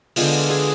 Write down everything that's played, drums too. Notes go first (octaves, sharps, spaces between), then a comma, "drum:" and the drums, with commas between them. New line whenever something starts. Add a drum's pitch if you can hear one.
D3 G#3 B3 F4, drum: open hi-hat
G#4